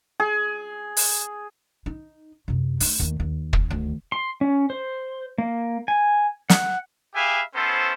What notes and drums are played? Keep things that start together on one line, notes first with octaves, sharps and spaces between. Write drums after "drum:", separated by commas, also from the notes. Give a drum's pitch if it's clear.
G#4
drum: open hi-hat
D#4
F#2 C3
A3 D#4, drum: open hi-hat
D#2 A3
D#2
drum: kick
D2 D#3
C6
C#4
C5
A#3
G#5
F#5, drum: snare
G4 G#4 B4 E5 F5 G#5
B3 C#4 E4 A4 C5